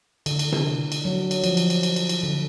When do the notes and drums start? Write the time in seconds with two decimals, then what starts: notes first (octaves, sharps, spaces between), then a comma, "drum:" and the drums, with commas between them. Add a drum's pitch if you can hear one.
0.26 D3, drum: cymbal
0.39 drum: cymbal
0.52 drum: tom C3
0.92 drum: cymbal
1.05 F#3
1.31 drum: cymbal
1.44 F3, drum: cymbal
1.57 drum: cymbal
1.70 drum: cymbal
1.83 drum: cymbal
1.96 drum: cymbal
2.09 drum: cymbal
2.23 D3